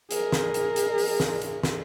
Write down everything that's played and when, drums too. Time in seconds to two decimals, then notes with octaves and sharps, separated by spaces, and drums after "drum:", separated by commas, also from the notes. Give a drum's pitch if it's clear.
0.11 G#4 A#4, drum: hi-hat
0.32 drum: snare
0.54 drum: hi-hat
0.76 drum: hi-hat
0.98 drum: open hi-hat
1.20 drum: snare
1.42 drum: hi-hat
1.63 drum: snare